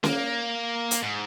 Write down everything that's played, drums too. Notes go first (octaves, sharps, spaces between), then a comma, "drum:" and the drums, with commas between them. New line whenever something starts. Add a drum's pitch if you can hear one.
A#3, drum: snare C#4
drum: hi-hat
G#2